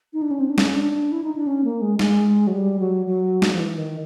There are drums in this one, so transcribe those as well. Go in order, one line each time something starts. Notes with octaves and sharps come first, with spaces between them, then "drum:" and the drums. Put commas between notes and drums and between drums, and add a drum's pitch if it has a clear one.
D#4
D4
C#4
C4
D4
C#4, drum: snare
D4
E4
D#4
D4
C#4
A#3
G#3
G#3, drum: snare
F#3
G3
F#3
F#3
drum: snare
F3
E3
D#3